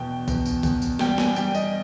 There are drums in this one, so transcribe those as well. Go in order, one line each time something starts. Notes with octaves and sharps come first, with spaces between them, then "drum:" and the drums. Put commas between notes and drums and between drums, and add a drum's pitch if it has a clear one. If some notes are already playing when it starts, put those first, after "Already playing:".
Already playing: E2 B2 G5
E2, drum: kick, tambourine
drum: tambourine
E2, drum: kick, tambourine
drum: tambourine
G3 G5, drum: snare
G#5, drum: snare
G3 G5, drum: tambourine
D#5, drum: tambourine